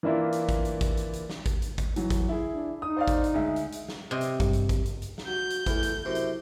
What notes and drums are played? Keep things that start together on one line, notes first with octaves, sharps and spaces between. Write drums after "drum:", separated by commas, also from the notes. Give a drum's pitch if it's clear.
E3 A#3 D4 E4 F4
drum: hi-hat
drum: kick G#1, hi-hat
drum: hi-hat
drum: kick G#1, hi-hat
drum: hi-hat
drum: hi-hat
drum: snare
drum: kick G#1, hi-hat
drum: hi-hat
drum: kick G#1, hi-hat
E3 F#3, drum: hi-hat
drum: kick G#1, hi-hat
E4 G#4
D4
D#4 D#6
C5 D5 F5
drum: kick G#1, hi-hat
drum: hi-hat
D2 G#3 E5
drum: hi-hat
drum: hi-hat
drum: snare
C3 D#5
drum: hi-hat
G2, drum: kick G#1, hi-hat
drum: hi-hat
drum: kick G#1, hi-hat
drum: hi-hat
drum: hi-hat
drum: snare
F#4 G6
drum: hi-hat
E2 A3, drum: kick G#1, hi-hat
drum: hi-hat
F#2 C3 E4
drum: hi-hat